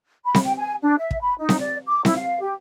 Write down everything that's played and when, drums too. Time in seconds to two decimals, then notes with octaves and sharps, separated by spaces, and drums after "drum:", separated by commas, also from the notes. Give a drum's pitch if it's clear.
0.24 B5
0.35 drum: snare C4
0.44 G5
0.59 G#5
0.81 D4
0.98 E5
1.11 drum: kick
1.22 B5
1.39 D#4
1.49 drum: snare C4
1.59 D5
1.87 D6
2.05 E4, drum: snare C4
2.18 F5
2.40 G4